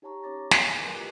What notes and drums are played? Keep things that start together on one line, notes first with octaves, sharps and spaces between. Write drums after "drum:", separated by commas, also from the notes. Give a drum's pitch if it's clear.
D#4 G4 C#5 A5 A#5 C#6
C#4 D#4 C#5 D6 A6 A#6
A3 E4 G#4 G#5 G#6, drum: snare
A#4 B4 D#5 D6 F#6
F4 G4